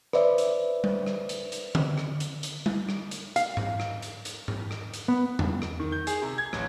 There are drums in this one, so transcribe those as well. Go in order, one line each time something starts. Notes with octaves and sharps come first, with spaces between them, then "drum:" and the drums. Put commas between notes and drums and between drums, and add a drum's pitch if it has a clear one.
B4 C5 D5 E5, drum: rim click
drum: hi-hat
drum: tom G3
drum: rim click
drum: hi-hat
drum: hi-hat
drum: tom D3
drum: rim click
drum: hi-hat
drum: hi-hat
drum: tom G3
drum: rim click
drum: hi-hat
F5, drum: hi-hat
drum: tom G#2
drum: rim click
drum: hi-hat
drum: hi-hat
drum: tom G#2
drum: rim click
drum: hi-hat
B3
drum: tom E2
drum: rim click
D#3
G6
G#4, drum: hi-hat
C3
G#6
A1, drum: rim click